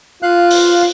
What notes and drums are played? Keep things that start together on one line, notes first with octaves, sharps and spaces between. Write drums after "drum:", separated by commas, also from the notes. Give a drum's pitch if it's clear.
F4 F5 F#6
drum: open hi-hat